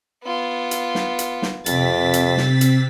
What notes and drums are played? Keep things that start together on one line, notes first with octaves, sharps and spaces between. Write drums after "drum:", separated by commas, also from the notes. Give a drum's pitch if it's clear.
B3 F4
drum: hi-hat
drum: snare
drum: hi-hat
drum: snare
F2 C3 C4 A6 B6, drum: hi-hat
drum: hi-hat
drum: snare
drum: hi-hat